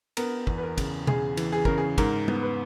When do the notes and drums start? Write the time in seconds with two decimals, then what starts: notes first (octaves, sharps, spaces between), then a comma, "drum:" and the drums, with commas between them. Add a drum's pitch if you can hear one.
0.17 B3 A#4, drum: cymbal
0.47 E2, drum: kick
0.58 B4
0.63 A#4
0.78 C#3, drum: kick, cymbal
1.07 C#3 G#4, drum: tom B2
1.37 E3, drum: cymbal
1.52 G#4
1.65 C#3 A#4, drum: kick
1.78 G#4
1.98 G#2 A#4, drum: kick, cymbal
2.28 B3, drum: tom
2.43 B4